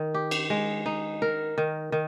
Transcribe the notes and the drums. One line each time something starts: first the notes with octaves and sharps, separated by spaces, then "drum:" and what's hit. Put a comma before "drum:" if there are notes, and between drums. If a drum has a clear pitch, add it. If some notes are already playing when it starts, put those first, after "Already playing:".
Already playing: D#3
G4
drum: cymbal
G#3
D#4
A#4
D#3
D#3